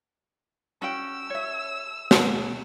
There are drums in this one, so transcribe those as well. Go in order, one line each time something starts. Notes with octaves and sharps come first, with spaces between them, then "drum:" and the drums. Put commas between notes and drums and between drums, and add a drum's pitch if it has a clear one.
C#4 F#4 G5 E6
C#5 E5
G#4, drum: snare